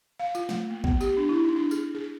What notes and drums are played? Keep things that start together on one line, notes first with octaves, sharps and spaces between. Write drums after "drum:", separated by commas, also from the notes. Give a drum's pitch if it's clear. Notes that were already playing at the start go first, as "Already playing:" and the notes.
F5
F4, drum: tambourine
A3, drum: snare
A#3
B3, drum: kick
G4, drum: tambourine
D4
E4
D#4
D4
G#4, drum: tambourine
G#4